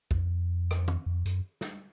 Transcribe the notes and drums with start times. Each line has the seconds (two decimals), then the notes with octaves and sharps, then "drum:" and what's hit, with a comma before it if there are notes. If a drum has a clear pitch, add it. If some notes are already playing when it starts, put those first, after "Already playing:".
0.11 F2, drum: kick
0.71 drum: rim click
0.88 drum: tom
1.06 F2
1.26 F#2, drum: hi-hat
1.61 drum: snare